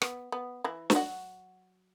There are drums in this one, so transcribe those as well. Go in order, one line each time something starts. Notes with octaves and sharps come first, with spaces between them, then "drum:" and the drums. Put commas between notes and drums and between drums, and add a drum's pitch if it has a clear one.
B3, drum: rim click
B3
E3 E4
E4, drum: snare
F#3 F#4